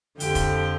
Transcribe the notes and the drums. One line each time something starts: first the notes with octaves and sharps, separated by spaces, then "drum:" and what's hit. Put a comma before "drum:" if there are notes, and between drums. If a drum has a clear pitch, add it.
F2 D3 F3 G4 G5, drum: hi-hat
drum: kick, hi-hat